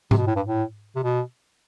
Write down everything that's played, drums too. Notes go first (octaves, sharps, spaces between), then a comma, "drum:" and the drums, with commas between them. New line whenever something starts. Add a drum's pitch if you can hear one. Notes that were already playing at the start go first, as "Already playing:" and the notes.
C3, drum: tom G#2
B2
A2
G2
A2
C3
B2